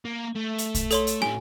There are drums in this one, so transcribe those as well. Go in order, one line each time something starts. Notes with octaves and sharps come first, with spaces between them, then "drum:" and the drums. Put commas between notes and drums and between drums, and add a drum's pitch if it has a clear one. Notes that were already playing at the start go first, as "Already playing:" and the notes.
A#3
A3
drum: hi-hat
drum: kick, hi-hat
A4 C#5 C6, drum: hi-hat
drum: hi-hat
A2 G4 G#5, drum: snare